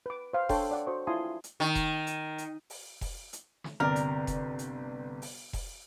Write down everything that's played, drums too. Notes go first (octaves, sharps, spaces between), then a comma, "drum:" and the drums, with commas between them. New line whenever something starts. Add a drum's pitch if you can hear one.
B4 D6
C5 F5
D4 A4 C#5 G5 C6, drum: kick F1, open hi-hat
D5 F#5 D6
F#4 C5 C#6
E4 F4 G#5 A5 C6 D#6
drum: hi-hat
D#3
drum: kick F1, hi-hat
drum: hi-hat
drum: hi-hat
drum: open hi-hat
drum: kick F1, open hi-hat
drum: hi-hat
drum: snare
G1 C3 A#4 D5
drum: hi-hat
drum: kick F1, hi-hat
drum: hi-hat
drum: open hi-hat
drum: kick F1, open hi-hat